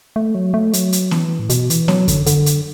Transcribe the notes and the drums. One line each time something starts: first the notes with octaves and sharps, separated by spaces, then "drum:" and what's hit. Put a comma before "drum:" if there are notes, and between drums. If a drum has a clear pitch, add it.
A3
F#3
A3
F#3, drum: hi-hat
drum: hi-hat
E3, drum: snare B3
A2
B2, drum: hi-hat
E3, drum: hi-hat
F#3, drum: snare B3
D3, drum: kick F#2, hi-hat
D3, drum: hi-hat
drum: hi-hat